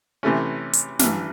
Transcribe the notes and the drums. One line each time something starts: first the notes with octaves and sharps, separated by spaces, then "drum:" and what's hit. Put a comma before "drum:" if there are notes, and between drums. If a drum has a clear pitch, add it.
C3 E3 A3 C#4
drum: hi-hat
A1 G2 E3, drum: snare